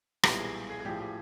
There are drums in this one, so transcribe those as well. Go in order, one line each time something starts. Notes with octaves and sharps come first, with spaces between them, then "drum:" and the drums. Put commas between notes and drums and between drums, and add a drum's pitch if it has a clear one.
B1 A#2 G3 B3 E4 G4, drum: rim click
G#4
G#4
G#4
A#1 A2 F3 G4
G4